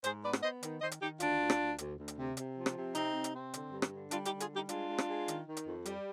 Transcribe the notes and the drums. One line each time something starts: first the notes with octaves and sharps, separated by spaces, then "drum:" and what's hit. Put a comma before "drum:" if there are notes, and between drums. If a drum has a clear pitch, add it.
G#2 G#4 C5, drum: hi-hat
B3 B4 D5
drum: rim click
B3 C5 D#5
D#3, drum: hi-hat
D#3 C5 D#5
drum: hi-hat
D#3 D#4 G4
D2 D4 F4, drum: hi-hat
D2
drum: rim click
D2
D2, drum: hi-hat
D2
drum: hi-hat
C3
C3, drum: hi-hat
F3
drum: rim click
C3
C3 C4 D#4, drum: hi-hat
C3
drum: hi-hat
C4
D3, drum: hi-hat
G2
drum: rim click
D3
G3 D4 F4, drum: hi-hat
D#4 G4, drum: hi-hat
D3
F4 G#4, drum: hi-hat
G3
D#4 G4
G#3 D4 F4, drum: hi-hat
G#3
drum: rim click
G#3
D#3, drum: hi-hat
D#3
drum: hi-hat
F2
G3, drum: hi-hat